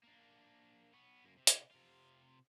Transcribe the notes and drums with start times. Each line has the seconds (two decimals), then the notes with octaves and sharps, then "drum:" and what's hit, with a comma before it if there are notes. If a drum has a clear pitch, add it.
0.03 A#3 D4
0.93 B3 C#5
1.25 F#2 A#3
1.37 C3
1.47 drum: hi-hat
1.71 C3 F4